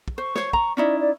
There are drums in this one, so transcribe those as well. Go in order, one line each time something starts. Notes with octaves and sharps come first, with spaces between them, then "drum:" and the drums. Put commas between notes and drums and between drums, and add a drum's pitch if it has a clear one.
drum: kick
C5 C#6
C5 C#5, drum: snare
A#5, drum: kick
C#4 D#4 E4 D5
D5